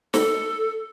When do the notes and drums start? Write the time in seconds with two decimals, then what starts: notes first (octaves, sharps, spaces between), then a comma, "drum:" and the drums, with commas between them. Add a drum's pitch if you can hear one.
0.14 A4, drum: snare